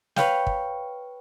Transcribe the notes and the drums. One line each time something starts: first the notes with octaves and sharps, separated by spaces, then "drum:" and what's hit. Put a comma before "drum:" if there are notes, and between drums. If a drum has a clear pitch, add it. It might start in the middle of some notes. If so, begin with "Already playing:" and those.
B4 C#5 F5 G5, drum: snare
drum: kick